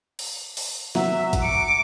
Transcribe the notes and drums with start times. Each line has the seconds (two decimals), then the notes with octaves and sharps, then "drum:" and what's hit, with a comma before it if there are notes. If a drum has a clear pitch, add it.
0.19 drum: open hi-hat
0.57 drum: open hi-hat
0.95 F#3 E5, drum: snare
1.33 drum: kick, hi-hat
1.43 D6 C#7